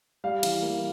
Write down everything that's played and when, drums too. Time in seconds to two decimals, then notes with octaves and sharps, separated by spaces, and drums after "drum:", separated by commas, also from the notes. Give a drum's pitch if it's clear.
0.24 G3 F5
0.43 E3, drum: cymbal
0.63 A#3